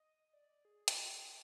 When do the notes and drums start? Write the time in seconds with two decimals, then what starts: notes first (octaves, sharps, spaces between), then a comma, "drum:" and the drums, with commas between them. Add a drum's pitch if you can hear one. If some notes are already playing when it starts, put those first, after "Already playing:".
Already playing: D#5
0.33 D5
0.65 G#4
0.88 drum: hi-hat